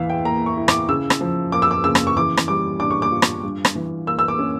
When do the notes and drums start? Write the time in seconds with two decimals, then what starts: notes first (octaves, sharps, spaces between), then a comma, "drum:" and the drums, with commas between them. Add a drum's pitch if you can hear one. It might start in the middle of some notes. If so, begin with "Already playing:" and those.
Already playing: E2 E3 E5 F5
0.10 G5
0.25 A#3 A#5
0.46 C#6
0.57 E4
0.68 D6, drum: rim click
0.89 C#3 E6
1.10 drum: rim click
1.21 F3
1.52 A#3 D6
1.62 E6
1.71 D6
1.84 C#3 E6
1.95 drum: rim click
2.07 C#6
2.16 E3 D6
2.37 drum: rim click
2.48 G3 D6
2.80 D4 D6
2.91 C#6
3.02 D6
3.12 F4
3.22 drum: rim click
3.43 G2
3.65 drum: rim click
3.75 E3
4.07 A#3 E6
4.19 E6
4.28 D6
4.39 C#4